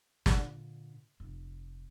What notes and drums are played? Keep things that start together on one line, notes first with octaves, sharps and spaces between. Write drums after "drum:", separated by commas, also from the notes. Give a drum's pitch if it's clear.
A#2 D3, drum: snare
F1